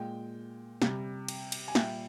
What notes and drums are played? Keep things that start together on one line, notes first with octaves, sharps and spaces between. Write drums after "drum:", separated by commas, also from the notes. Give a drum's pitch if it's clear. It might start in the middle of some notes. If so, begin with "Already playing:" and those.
Already playing: A#2 G#3 G5
C3 G3, drum: snare
drum: cymbal
drum: cymbal
G#5
A#2 G3 E5 G5, drum: snare